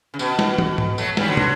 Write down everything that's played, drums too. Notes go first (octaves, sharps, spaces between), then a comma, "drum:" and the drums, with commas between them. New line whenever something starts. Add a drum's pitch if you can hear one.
C#3
B2, drum: tambourine
drum: snare
drum: tom
drum: tom G#2
F#3 A3, drum: tambourine
E3 G3, drum: snare
D3 F#3
drum: tom